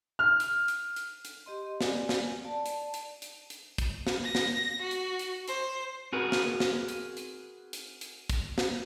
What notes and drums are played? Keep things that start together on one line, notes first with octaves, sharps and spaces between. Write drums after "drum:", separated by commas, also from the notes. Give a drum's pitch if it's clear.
F6
drum: hi-hat
drum: hi-hat
drum: hi-hat
drum: hi-hat
G4 D#5 C6
C4 D5 G#5, drum: snare
drum: snare
D5 A5
drum: hi-hat
drum: hi-hat
drum: hi-hat
drum: hi-hat
drum: kick, hi-hat
drum: snare
A#6
drum: snare
F#4
drum: hi-hat
drum: hi-hat
C5, drum: hi-hat
C4 F#4 G#4 A#4 B4
drum: snare
drum: snare
drum: hi-hat
drum: hi-hat
drum: hi-hat
drum: hi-hat
drum: kick, hi-hat
drum: snare